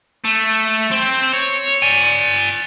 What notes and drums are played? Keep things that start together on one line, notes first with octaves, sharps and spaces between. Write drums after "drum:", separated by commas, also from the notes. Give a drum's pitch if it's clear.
A3
drum: hi-hat
C4
drum: hi-hat
C#5
drum: hi-hat
D5 G#5
drum: hi-hat